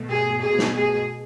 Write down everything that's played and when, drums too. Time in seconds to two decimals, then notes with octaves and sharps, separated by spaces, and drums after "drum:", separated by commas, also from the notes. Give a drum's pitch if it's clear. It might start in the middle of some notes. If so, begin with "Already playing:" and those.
Already playing: B2 A3
0.10 G#4
0.42 B2 A3 G#4
0.59 drum: snare
0.75 G#4